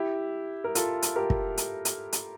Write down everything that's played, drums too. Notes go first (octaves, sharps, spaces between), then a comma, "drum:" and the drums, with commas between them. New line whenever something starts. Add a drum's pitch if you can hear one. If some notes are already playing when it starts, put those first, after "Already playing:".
Already playing: E4 G4
A#4
F4 A4, drum: hi-hat
drum: hi-hat
G4 A#4
drum: kick
drum: hi-hat
drum: hi-hat
drum: hi-hat